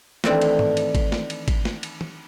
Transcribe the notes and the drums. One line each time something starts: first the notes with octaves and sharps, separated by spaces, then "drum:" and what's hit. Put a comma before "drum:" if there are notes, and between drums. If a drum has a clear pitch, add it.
D#3 E3 A3 C4 D4 E4, drum: snare A3
drum: cymbal
drum: tom G#2
drum: cymbal
drum: kick G#1, cymbal
drum: snare A3
drum: cymbal
drum: kick G#1, cymbal
drum: snare A3
drum: cymbal
drum: tom